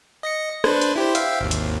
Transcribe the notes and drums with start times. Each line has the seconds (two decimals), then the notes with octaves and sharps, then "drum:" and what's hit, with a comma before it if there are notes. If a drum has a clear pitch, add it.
0.23 D#5 A#6 C#7
0.64 D4 B4 C5, drum: rim click
0.81 drum: hi-hat
0.96 E4 G4 C5
1.15 E5 F5 G5, drum: hi-hat
1.41 G#1 D#2
1.51 drum: hi-hat